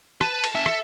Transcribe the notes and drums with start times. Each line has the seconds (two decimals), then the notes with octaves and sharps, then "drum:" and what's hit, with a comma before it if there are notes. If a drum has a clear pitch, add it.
0.21 B4 A5, drum: rim click
0.44 drum: cymbal
0.55 C#4 E5 A5
0.66 A4, drum: rim click